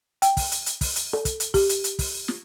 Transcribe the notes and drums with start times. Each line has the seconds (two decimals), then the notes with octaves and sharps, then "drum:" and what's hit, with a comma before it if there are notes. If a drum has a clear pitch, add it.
0.22 G5, drum: hi-hat
0.37 drum: kick, open hi-hat
0.51 drum: hi-hat
0.66 drum: hi-hat
0.81 drum: kick, open hi-hat
0.96 drum: hi-hat
1.13 A4
1.25 drum: kick, hi-hat
1.40 drum: hi-hat
1.54 G4, drum: kick, open hi-hat
1.69 drum: hi-hat
1.84 drum: hi-hat
1.99 drum: kick, open hi-hat
2.28 drum: snare